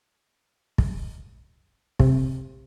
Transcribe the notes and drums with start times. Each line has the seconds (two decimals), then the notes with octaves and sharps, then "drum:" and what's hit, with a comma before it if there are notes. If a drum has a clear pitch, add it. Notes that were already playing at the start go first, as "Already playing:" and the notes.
0.78 drum: kick
1.99 C3, drum: kick